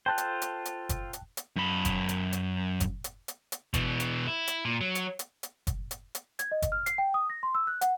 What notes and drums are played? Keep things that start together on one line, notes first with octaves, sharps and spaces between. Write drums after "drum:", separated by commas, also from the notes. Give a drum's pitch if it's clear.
F4 A4 C5 G5 A5 F#6
drum: hi-hat
drum: hi-hat
drum: hi-hat
drum: kick F#1, hi-hat
drum: hi-hat
drum: hi-hat
F#2 B5
drum: kick F#1, hi-hat
drum: hi-hat
drum: hi-hat
drum: kick F#1, hi-hat
drum: hi-hat
drum: hi-hat
drum: hi-hat
B2 E3, drum: kick F#1, hi-hat
drum: hi-hat
E4
drum: hi-hat
A#2
F#3
drum: hi-hat
drum: hi-hat
drum: hi-hat
drum: kick F#1, hi-hat
drum: hi-hat
drum: hi-hat
G#6, drum: hi-hat
D#5
drum: kick F#1, hi-hat
F6
C7, drum: hi-hat
G5
D#6
A#6
C6
E6
F#6
F#5, drum: hi-hat